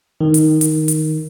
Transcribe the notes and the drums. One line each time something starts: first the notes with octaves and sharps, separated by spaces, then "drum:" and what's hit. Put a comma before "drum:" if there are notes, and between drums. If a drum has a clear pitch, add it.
D#3
drum: hi-hat
drum: hi-hat
drum: hi-hat